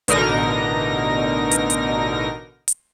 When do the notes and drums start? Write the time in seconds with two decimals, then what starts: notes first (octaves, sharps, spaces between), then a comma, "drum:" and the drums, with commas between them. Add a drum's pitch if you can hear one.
0.08 A1 B2 D3 D#4 A#4 A#6, drum: hi-hat
1.51 drum: hi-hat
1.70 drum: hi-hat
2.68 drum: hi-hat